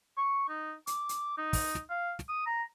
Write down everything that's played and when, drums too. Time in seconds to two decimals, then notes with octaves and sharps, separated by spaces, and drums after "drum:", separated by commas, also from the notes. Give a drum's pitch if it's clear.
0.17 C#6
0.49 D#4
0.87 D6, drum: hi-hat
1.09 drum: hi-hat
1.38 D#4
1.53 drum: kick, open hi-hat
1.75 drum: snare
1.90 F5
2.19 drum: snare
2.29 D#6
2.46 A#5